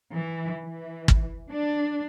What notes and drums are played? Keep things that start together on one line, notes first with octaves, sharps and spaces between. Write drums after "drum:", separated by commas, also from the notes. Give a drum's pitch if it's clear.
E3
E3
drum: kick
D4